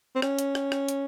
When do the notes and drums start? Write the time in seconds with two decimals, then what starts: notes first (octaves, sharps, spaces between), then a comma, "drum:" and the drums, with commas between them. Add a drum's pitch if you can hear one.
0.15 C4
0.22 C#4, drum: rim click
0.39 drum: hi-hat
0.55 drum: rim click
0.72 drum: rim click
0.88 drum: hi-hat